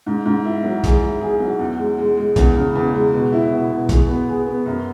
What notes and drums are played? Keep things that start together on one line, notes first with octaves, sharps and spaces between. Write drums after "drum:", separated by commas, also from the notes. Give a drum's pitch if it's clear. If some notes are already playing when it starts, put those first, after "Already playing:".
G#2
G#2
E4
F#3
G#4, drum: kick, hi-hat
E4
G#4
F#3
E2
G#3
G#3
G#3
E2, drum: kick, hi-hat
C#3
E2
G#3
B2
E4
B2
B2
G#4, drum: kick, hi-hat
B3
G#4
B3
F#2